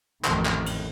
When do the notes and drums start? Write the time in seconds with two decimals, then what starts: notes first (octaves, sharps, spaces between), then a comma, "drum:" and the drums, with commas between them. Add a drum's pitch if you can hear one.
0.24 A1 F2 D#3, drum: clap
0.45 drum: clap
0.66 drum: cymbal